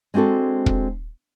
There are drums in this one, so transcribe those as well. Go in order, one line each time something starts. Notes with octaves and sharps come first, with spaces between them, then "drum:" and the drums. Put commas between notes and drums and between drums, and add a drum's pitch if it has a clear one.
G#3 C4 D4 F#4 A4
drum: kick